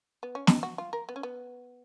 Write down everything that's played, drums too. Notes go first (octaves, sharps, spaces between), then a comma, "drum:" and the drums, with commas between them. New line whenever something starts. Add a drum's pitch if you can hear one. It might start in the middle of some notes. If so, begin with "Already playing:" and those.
B3
C#4
D#4, drum: snare
F#4
F4
A#4
B3
C#4
B3